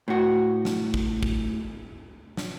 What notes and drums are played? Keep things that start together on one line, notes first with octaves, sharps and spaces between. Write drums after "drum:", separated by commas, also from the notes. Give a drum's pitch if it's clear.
A2 F#4
drum: snare
drum: kick
drum: kick
drum: snare